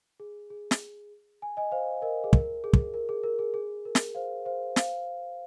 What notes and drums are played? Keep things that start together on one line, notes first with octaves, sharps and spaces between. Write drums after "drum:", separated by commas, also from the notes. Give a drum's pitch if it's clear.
G#4
G#4
drum: snare
G#5
D#5 G#5
C5 F5
A#4 D#5
G#4
A#4, drum: kick
G#4
drum: kick
A#4
G#4
A#4
G#4
G#4
A#4
drum: snare
C5 F5
C5 F5
C5 F5, drum: snare